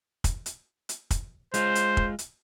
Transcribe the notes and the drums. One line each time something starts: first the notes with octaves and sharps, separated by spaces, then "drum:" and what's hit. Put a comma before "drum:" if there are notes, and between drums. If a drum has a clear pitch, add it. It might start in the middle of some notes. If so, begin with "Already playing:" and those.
drum: kick, hi-hat
drum: hi-hat
drum: hi-hat
drum: kick, hi-hat
G#3 F4 C5, drum: hi-hat
drum: hi-hat
drum: kick
drum: hi-hat